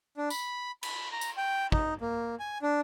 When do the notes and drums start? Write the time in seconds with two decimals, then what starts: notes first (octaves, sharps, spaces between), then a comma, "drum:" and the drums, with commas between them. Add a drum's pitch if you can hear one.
0.18 D4
0.30 B5, drum: tambourine
0.83 B5, drum: cymbal
1.12 A#5
1.21 drum: tambourine
1.38 G5
1.72 D#4, drum: kick
2.01 A#3
2.40 G#5
2.62 D4